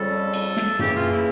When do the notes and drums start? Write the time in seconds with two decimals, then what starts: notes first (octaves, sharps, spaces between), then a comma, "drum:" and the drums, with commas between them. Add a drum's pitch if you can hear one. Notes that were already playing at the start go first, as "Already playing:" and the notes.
Already playing: F2 C#3 G3 A4
0.34 drum: cymbal
0.57 drum: snare
0.79 C#3 E3 A#3 G4, drum: tom F#2
0.95 F4
1.11 E4